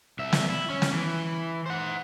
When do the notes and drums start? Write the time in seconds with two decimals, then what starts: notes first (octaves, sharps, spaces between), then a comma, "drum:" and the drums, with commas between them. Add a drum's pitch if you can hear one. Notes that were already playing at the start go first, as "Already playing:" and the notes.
0.19 C2 E5
0.33 drum: snare
0.50 E4
0.70 C#4
0.82 drum: snare
0.93 E3
1.66 C5 F#5